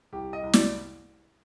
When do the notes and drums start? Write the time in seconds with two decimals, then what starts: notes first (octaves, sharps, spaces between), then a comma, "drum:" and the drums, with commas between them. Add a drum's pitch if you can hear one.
0.13 C2 G4
0.33 D#5
0.43 C2
0.53 D5, drum: snare